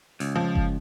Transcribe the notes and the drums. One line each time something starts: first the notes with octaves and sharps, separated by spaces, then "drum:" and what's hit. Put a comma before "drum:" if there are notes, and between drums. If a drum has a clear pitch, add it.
C#2, drum: open hi-hat
F3
drum: kick F#1